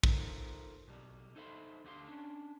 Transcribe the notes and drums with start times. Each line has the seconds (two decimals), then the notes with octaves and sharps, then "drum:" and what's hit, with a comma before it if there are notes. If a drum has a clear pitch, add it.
0.03 D#4 F4 A4 A#4 C5 C#5, drum: kick
0.88 B1 G3
1.36 D#4 A4 C5 E5 B5 C6
1.84 D2 D3 G4 F5 C6
2.08 C#4 D4